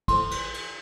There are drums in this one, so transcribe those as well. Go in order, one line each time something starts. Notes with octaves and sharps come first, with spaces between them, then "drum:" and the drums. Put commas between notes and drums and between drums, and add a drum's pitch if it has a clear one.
E4 A4 C5 C6, drum: kick, cymbal
drum: cymbal
drum: cymbal